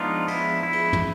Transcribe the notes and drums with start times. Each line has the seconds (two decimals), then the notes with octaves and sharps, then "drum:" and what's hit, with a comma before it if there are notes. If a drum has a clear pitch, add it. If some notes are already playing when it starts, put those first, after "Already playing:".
Already playing: F3 G#3 B3 D4 D#4 F4
0.28 E4, drum: cymbal
0.63 E4
0.73 drum: cymbal
0.93 drum: tom